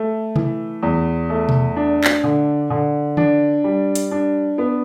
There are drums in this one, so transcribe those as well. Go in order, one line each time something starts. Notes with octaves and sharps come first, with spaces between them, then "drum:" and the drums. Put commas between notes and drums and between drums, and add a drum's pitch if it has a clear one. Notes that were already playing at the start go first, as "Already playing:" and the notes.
Already playing: A3
E3, drum: tom C3
E2
A3
drum: tom B2
D4
drum: clap
D3
D3
D4, drum: tom D#3
G3
drum: hi-hat
D4
B3